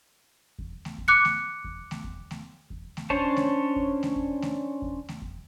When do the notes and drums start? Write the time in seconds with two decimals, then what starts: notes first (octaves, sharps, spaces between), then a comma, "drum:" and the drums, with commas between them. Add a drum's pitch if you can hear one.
0.59 drum: kick E2
0.85 drum: snare A3
0.98 drum: kick E2
1.08 D6 F#6 C#7
1.25 drum: snare A3
1.64 drum: kick E2
1.91 drum: snare A3
2.04 drum: kick E2
2.31 drum: snare A3
2.70 drum: kick E2
2.97 drum: snare A3
3.10 C#4 D4 C5 C#5 A5, drum: kick E2
3.36 drum: snare A3
3.76 drum: kick E2
4.03 drum: snare A3
4.16 drum: kick E2
4.42 drum: snare A3
4.82 drum: kick E2
5.09 drum: snare A3
5.22 drum: kick E2